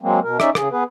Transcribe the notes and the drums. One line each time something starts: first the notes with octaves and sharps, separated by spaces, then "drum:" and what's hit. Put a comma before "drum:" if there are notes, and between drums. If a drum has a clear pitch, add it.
F#3 G#3 A#3 C4
B2 A#4
C#4 D#4 D5 E5, drum: rim click
C#3 G#4, drum: rim click
B3 G#4 B4